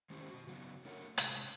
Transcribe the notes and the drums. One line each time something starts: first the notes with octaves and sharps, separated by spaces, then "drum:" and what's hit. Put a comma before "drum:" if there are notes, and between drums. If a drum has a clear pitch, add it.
D#3 G#3 C#4 E4 G4 C5
B2 F#4
C#3 F#3 B3 F#4
A3 A#3 D4 A#4 C#5 F#5
A2 C3 G#3, drum: hi-hat